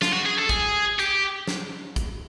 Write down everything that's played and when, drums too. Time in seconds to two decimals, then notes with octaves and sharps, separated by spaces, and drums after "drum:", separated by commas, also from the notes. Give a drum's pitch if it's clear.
0.02 F4, drum: snare
0.13 F#4
0.25 G#4
0.38 A4
0.49 G#4, drum: kick, hi-hat
0.99 G4, drum: hi-hat
1.47 drum: snare
1.96 drum: kick, hi-hat